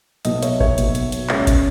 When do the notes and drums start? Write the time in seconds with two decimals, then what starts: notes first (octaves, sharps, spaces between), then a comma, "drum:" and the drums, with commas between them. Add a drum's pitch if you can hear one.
0.25 B1 B2 F#3 D#5, drum: hi-hat
0.43 C#5 E5, drum: hi-hat
0.60 C#5 E5, drum: kick G#1
0.78 B1 B2 F#3, drum: hi-hat
0.95 drum: hi-hat
1.12 drum: hi-hat
1.29 C#2 C#3 G#3 C#5 E5, drum: clap
1.47 drum: kick G#1, hi-hat